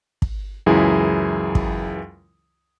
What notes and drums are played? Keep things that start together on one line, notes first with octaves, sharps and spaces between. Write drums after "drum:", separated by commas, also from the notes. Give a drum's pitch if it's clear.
drum: kick
C#2 F#2 E3 E4 G#4
drum: kick